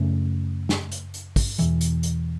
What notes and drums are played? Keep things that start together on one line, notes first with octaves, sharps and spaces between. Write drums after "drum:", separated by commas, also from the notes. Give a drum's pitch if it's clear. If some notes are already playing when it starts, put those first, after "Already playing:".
Already playing: F#2 C#3 A3 C#4
drum: snare
drum: hi-hat
drum: hi-hat
drum: kick, open hi-hat
E2 B2 E3, drum: hi-hat
drum: hi-hat
drum: hi-hat